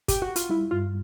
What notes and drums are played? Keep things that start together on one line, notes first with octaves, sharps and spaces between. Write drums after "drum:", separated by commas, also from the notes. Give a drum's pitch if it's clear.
G4, drum: kick G1, hi-hat
F#4
F4, drum: hi-hat
G3 E4
G2 F4